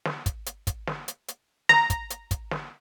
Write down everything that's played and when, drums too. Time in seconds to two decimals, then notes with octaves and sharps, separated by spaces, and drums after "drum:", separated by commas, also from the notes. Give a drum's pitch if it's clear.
0.05 drum: snare
0.26 drum: kick, hi-hat
0.46 drum: hi-hat
0.67 drum: kick, hi-hat
0.87 drum: snare
1.08 drum: hi-hat
1.28 drum: hi-hat
1.69 A#5, drum: snare
1.90 drum: kick, hi-hat
2.10 drum: hi-hat
2.31 drum: kick, hi-hat
2.51 drum: snare